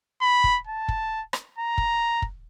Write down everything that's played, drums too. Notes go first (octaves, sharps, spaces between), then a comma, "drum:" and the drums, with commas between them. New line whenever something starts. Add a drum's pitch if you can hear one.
B5
drum: kick
A5
drum: kick
drum: rim click
A#5
drum: kick
drum: kick